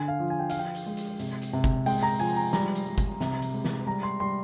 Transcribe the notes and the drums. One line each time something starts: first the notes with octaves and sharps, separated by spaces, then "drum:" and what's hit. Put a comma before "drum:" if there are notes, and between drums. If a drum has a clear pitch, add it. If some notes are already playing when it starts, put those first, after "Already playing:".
Already playing: D3 G#5
F5
F3
G#5
G5
F3 F5, drum: hi-hat
G5
drum: hi-hat
G#3
drum: hi-hat
C3, drum: hi-hat
drum: hi-hat
C3
drum: kick G1, hi-hat
G#3 G5, drum: open hi-hat
A#5
F3 G#5
A#5
G3 A#5, drum: snare
drum: hi-hat
G3
drum: kick G1, hi-hat
C3, drum: snare
drum: hi-hat
G#3
drum: snare
G3 A#5
C6
G3 C6